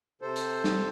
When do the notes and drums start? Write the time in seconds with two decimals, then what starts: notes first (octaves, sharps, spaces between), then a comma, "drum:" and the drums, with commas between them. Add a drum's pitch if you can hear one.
0.22 C3 A4 C5
0.36 drum: hi-hat
0.64 drum: snare